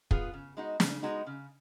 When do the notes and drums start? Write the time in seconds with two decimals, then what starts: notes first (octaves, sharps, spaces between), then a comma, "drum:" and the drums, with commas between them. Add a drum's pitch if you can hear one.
0.11 B3 F4 G#4, drum: kick
0.33 C#3
0.57 G#3 B3 D#4 F#4
0.80 C#3, drum: snare
1.03 G#3 B3 D#4 F#4
1.27 C#3